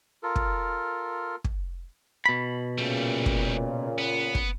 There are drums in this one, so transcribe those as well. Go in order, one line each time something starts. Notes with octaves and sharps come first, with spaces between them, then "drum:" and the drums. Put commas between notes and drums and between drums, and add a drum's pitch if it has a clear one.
F4 A4 A#4
drum: kick
drum: kick
B2 B5
A#2 C#3 G3 A3
drum: kick
B3
drum: kick